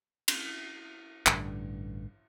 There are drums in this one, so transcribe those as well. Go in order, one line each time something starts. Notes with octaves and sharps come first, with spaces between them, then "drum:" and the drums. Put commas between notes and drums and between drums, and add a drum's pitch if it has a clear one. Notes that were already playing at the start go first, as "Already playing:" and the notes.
drum: cymbal
A1 G2 D3, drum: clap